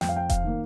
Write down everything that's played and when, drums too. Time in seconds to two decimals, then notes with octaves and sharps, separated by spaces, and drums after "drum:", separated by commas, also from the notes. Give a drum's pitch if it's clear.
0.01 F2 G5, drum: snare
0.09 F5
0.16 G5
0.29 F5, drum: kick E1, hi-hat
0.43 D#3 A#3